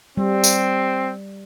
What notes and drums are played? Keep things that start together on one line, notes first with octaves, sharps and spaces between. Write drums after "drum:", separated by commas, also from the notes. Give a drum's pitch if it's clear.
G3 C4
drum: tambourine